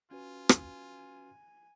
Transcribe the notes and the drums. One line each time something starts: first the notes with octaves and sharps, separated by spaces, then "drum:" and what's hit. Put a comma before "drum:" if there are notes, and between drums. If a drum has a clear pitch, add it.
C#4 F4 F#4 B4 G#5
drum: rim click